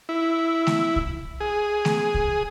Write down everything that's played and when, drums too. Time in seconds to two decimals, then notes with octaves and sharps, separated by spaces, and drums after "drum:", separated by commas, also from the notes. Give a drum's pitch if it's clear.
0.09 E4
0.67 drum: snare A3
0.96 drum: kick C2
1.40 G#4
1.85 drum: snare A3
2.14 drum: kick C2